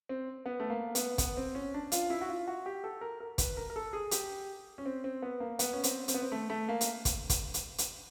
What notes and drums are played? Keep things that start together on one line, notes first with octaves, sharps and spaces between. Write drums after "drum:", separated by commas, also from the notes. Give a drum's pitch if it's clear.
C4
B3
A3
A#3
B3, drum: hi-hat
B3, drum: kick, hi-hat
C4
C#4
D4
F4, drum: hi-hat
E4
F#4
F4
F#4
G4
A4
A#4
A#4
B4, drum: kick, hi-hat
A#4
A#4
A4
G#4
G4, drum: hi-hat
C#4
C4
C4
B3
A#3
B3, drum: hi-hat
C#4
C4, drum: hi-hat
C4, drum: hi-hat
B3
C4
A3
A3
A#3
drum: hi-hat
drum: kick, hi-hat
drum: kick, hi-hat
drum: hi-hat
drum: hi-hat